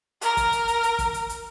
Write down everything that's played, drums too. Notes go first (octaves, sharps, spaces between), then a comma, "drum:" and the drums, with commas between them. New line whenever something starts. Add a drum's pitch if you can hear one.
A#4, drum: hi-hat
drum: kick, hi-hat
drum: hi-hat
drum: hi-hat
drum: hi-hat
drum: kick, hi-hat
drum: hi-hat
drum: hi-hat